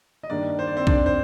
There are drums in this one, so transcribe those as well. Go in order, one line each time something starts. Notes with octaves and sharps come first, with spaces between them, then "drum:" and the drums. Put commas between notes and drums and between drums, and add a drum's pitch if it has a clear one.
D#5
G2 D#3 G3 A#3 D4 D5
C5
D5
C4 C5
D4 D5, drum: kick B1
C5